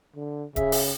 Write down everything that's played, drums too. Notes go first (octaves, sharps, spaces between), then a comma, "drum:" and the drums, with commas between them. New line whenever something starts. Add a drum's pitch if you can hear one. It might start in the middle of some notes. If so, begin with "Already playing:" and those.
D3
C#3 G#4 E5, drum: kick D1, hi-hat
drum: open hi-hat